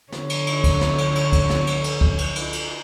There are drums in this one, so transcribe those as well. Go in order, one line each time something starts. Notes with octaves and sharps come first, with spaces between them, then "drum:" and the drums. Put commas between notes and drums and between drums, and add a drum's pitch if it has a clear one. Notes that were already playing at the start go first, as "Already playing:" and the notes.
D3 C#5, drum: snare
drum: cymbal
drum: cymbal
drum: kick, cymbal
drum: snare
drum: cymbal
drum: cymbal
drum: kick, cymbal
drum: snare
drum: cymbal
drum: cymbal
drum: kick
drum: cymbal
drum: cymbal
drum: cymbal